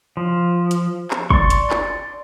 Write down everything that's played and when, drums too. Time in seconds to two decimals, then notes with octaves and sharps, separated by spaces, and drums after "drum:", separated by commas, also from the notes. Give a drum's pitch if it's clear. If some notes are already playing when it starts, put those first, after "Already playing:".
0.17 F3
0.71 drum: hi-hat
1.11 drum: clap
1.30 D5 C6 C#6, drum: kick
1.50 drum: hi-hat
1.70 drum: clap